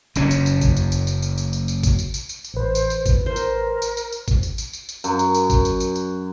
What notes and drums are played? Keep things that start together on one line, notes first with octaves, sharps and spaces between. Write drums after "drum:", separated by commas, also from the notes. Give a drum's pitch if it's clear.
F#1 F#2 C#4, drum: tambourine
drum: tambourine
drum: tambourine
drum: kick G#1, tambourine
drum: tambourine
drum: tambourine
drum: tambourine
drum: tambourine
drum: tambourine
drum: tambourine
drum: tambourine
drum: kick G#1, tambourine
drum: tambourine
drum: tambourine
drum: tambourine
drum: tambourine
A1 B4 C5
drum: tambourine
drum: tambourine
drum: kick G#1, tambourine
A#4 C5
drum: tambourine
drum: tambourine
drum: tambourine
drum: tambourine
drum: kick G#1, tambourine
drum: tambourine
drum: tambourine
drum: tambourine
drum: tambourine
F#2, drum: tambourine
drum: tambourine
drum: tambourine
drum: kick G#1, tambourine
drum: tambourine
drum: tambourine
drum: tambourine